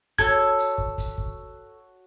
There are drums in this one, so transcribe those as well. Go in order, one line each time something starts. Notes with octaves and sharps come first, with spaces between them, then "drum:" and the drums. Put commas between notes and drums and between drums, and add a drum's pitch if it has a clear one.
F#4 A4 C#5 G#6, drum: kick, hi-hat
drum: hi-hat
drum: kick
drum: kick, hi-hat
drum: kick